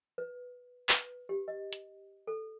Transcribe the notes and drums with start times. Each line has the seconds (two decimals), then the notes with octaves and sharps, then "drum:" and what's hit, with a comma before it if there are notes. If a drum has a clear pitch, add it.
0.18 B4
0.89 B4, drum: clap
1.29 G4
1.48 D#5
1.73 drum: hi-hat
2.27 A4